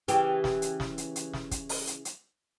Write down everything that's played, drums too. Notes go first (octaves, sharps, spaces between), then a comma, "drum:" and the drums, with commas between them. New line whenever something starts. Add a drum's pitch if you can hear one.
C#3 E3 G4, drum: hi-hat
drum: snare
drum: hi-hat
drum: snare
drum: hi-hat
drum: hi-hat
drum: snare
drum: kick, hi-hat
drum: open hi-hat
drum: hi-hat
drum: hi-hat